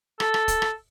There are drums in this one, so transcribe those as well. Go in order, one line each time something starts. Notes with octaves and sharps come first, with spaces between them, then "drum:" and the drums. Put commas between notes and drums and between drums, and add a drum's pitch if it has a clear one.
A4, drum: rim click
drum: rim click
drum: kick, hi-hat
drum: rim click